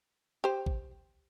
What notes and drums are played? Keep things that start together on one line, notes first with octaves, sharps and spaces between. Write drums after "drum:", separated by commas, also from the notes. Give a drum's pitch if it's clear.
G4 C5
drum: kick A1